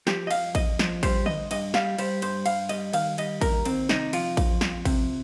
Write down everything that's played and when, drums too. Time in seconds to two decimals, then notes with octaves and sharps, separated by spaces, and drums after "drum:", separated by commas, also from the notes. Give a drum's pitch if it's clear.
0.07 F3 G4, drum: snare
0.27 D#5
0.31 F2 F5, drum: cymbal
0.55 F2 D#5, drum: kick A1, cymbal
0.79 F3, drum: snare
1.03 G3 C5, drum: kick A1, cymbal
1.26 G2 D#5, drum: tom D3
1.51 G2 D#5, drum: cymbal
1.74 G3 F5, drum: snare
1.98 G3 C5, drum: cymbal
2.22 G2 C5, drum: cymbal
2.46 G2 F5, drum: cymbal
2.69 G3 D#5, drum: cymbal
2.93 D#3 F5, drum: cymbal
3.18 G3 D#5, drum: cymbal
3.41 D#2 A#4, drum: kick A1, cymbal
3.65 D#2 C4, drum: cymbal
3.89 C3 D#4, drum: snare
4.13 F3 F4, drum: cymbal
4.37 F2, drum: kick A1, cymbal
4.61 F2, drum: snare
4.85 C3, drum: kick A1, cymbal